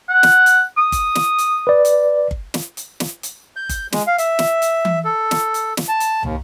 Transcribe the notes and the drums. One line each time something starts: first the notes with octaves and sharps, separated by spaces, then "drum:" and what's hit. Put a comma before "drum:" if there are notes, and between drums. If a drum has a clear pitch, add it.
F#5
drum: snare
drum: hi-hat
D#6
drum: kick G1, hi-hat
drum: snare
drum: hi-hat
B4 D5
drum: hi-hat
drum: kick G1
drum: snare
drum: hi-hat
drum: snare
drum: hi-hat
G6
drum: kick G1, hi-hat
G#3, drum: snare
F5
E5, drum: hi-hat
drum: snare
drum: hi-hat
drum: tom E3
A4
drum: snare
drum: hi-hat
drum: snare
A5
drum: hi-hat
D#2, drum: tom